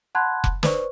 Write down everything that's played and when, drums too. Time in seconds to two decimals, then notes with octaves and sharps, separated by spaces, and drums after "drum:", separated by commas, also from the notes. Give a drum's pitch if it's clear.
0.15 F#5 A5 B5 C6 F#6 G#6
0.44 drum: kick F1
0.63 B4 C5 D5 C#6, drum: snare